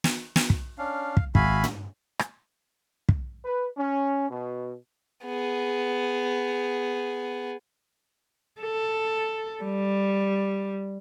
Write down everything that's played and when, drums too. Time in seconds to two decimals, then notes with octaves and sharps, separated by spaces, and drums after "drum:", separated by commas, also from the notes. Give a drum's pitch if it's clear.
0.04 drum: snare
0.36 drum: snare
0.50 drum: kick
0.78 C#4 D4 F5
1.17 drum: kick
1.35 G#1 F#4 E5 F5 G#5 B5, drum: kick
1.64 drum: tom
2.19 drum: rim click
3.09 drum: kick
3.45 B4
3.77 C#4
4.30 B2
5.25 B3 G#4
8.61 A4
9.64 G3